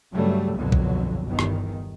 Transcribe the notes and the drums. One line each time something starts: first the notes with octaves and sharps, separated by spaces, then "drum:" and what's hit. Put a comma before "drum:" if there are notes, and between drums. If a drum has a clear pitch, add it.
G2 C#3 F#3 G3 A3
G1 C2 F2 B2 D3 F#3
drum: kick
G1 E2 D#3
drum: rim click